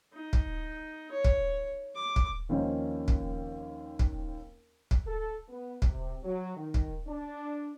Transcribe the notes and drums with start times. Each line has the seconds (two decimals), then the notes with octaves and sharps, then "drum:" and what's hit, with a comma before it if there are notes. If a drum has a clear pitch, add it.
0.13 D#4
0.33 drum: kick
1.11 C#5
1.25 drum: kick
1.95 D6
2.16 drum: kick
2.49 D#2 F3 A#3 C4 C#4 D#4
3.08 drum: kick
3.99 drum: kick
4.91 drum: kick
5.06 A4
5.49 B3
5.82 C3, drum: kick
6.23 F#3
6.56 D#3
6.74 drum: kick
7.07 D4